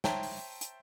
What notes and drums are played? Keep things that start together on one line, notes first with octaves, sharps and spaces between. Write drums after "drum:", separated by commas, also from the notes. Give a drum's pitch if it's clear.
C5 C#5 E5 G5 A5 A#5, drum: snare
drum: open hi-hat
drum: hi-hat